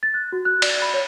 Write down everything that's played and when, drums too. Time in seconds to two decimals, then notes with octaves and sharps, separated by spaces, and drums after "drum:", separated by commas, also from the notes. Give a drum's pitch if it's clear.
0.03 A6
0.14 F#6
0.32 F#4
0.45 F#6
0.62 D5, drum: cymbal
0.82 B5
0.94 C#5